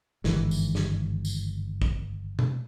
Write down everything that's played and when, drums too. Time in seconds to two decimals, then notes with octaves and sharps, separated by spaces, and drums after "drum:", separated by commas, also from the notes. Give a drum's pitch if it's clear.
0.24 G1 G#2 D#3 E3, drum: snare
0.51 drum: tambourine
0.75 drum: snare
1.25 drum: tambourine
1.82 drum: kick
2.39 drum: tom B2